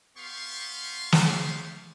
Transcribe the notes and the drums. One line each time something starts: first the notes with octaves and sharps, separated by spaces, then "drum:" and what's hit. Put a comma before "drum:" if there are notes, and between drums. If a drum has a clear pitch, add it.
B3 G4 F5 C6 C#6
drum: snare